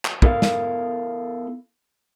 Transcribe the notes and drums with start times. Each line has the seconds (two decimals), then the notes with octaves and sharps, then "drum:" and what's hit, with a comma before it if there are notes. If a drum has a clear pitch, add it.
0.05 drum: clap
0.22 B3 E4 A4 A#4 D5 F5, drum: kick
0.42 drum: snare